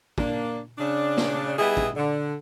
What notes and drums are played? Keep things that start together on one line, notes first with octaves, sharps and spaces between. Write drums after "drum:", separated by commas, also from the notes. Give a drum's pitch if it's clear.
A#3 D4, drum: kick
C#3 D4
drum: snare
G3 B3 E4 G#4 D#5
drum: kick
D3